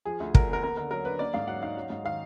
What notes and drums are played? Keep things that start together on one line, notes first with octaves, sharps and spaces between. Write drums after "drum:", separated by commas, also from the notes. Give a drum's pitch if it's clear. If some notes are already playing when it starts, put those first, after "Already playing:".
F3 G#4
D2
D3 A#4, drum: kick
B3 A#4
A#3 A#4
D3 A#4
F#3 A#4
D4 B4
A#3 D5
G#2 F5
F#3 F#5
D#4 F5
F#3
G#2
D#3 F5